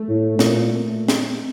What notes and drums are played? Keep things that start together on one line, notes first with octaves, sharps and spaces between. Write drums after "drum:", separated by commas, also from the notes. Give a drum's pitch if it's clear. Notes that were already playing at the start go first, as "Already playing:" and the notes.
Already playing: A3
A2
A#2, drum: snare
drum: snare